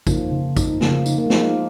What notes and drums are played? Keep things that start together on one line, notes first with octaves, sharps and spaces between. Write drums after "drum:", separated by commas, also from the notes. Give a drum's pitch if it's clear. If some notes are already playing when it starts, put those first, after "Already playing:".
F3 A#3 D#4, drum: kick, tambourine
C#3
D#4, drum: kick, tambourine
C#3 F3 A#3, drum: snare
D#4, drum: tambourine
A#3
G#3
F3 A#3 D#4, drum: snare